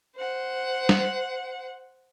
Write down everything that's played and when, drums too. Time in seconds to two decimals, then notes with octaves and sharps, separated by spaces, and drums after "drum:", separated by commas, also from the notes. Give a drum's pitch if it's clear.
0.16 C5 F#5
0.89 drum: snare